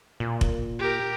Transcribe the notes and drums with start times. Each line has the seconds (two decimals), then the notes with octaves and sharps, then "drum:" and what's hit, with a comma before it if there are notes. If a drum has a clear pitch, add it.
0.20 A#2
0.41 drum: kick F1
0.79 G4 A#4